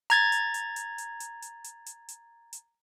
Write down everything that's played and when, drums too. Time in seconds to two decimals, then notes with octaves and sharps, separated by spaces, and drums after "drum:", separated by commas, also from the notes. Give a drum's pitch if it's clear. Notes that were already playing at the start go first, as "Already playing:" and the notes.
0.10 A#5 G#6 A6, drum: hi-hat
0.32 drum: hi-hat
0.54 drum: hi-hat
0.76 drum: hi-hat
0.98 drum: hi-hat
1.20 drum: hi-hat
1.42 drum: hi-hat
1.64 drum: hi-hat
1.86 drum: hi-hat
2.08 drum: hi-hat
2.53 drum: hi-hat